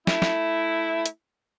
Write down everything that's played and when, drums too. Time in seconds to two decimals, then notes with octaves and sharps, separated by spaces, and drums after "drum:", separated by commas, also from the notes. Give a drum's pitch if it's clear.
0.07 A3 E4, drum: snare
0.22 drum: snare
1.06 drum: hi-hat